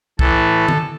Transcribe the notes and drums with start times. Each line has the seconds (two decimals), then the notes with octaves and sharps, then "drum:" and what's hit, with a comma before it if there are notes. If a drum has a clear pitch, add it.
0.19 A2 E3 A4, drum: kick
0.68 drum: tom D#3